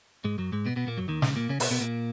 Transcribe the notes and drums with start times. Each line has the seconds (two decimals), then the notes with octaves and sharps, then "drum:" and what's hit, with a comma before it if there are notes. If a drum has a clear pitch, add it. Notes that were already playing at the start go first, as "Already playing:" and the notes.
0.24 G#2 G#3
0.38 F#2 F#3
0.52 G#2 G#3
0.66 B2 B3
0.76 B2 B3
0.87 A#2 A#3
0.97 F#2 F#3
1.08 D#2 D#3
1.22 C#2 C#3, drum: snare
1.36 A#2 A#3
1.49 C#3 C#4
1.60 B2 B3, drum: open hi-hat
1.71 B2 B3
1.81 A#2 A#3